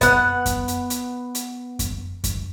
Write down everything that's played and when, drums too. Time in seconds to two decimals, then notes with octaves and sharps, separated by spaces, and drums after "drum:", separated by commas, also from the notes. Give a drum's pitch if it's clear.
0.01 B3 F#5, drum: kick F#2, hi-hat
0.46 drum: kick F#2, hi-hat
0.68 drum: hi-hat
0.90 drum: hi-hat
1.35 drum: hi-hat
1.79 drum: kick F#2, hi-hat
2.24 drum: kick F#2, hi-hat